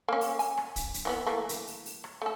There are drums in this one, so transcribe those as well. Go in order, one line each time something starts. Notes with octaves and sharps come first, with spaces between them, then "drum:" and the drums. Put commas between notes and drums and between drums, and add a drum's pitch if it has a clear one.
A#3 C#4
drum: open hi-hat
G#5, drum: open hi-hat
drum: rim click
drum: kick, hi-hat
drum: hi-hat
E3 F#3 B3
E3 A3 A#3
drum: hi-hat
drum: open hi-hat
drum: open hi-hat
drum: rim click
A3 A4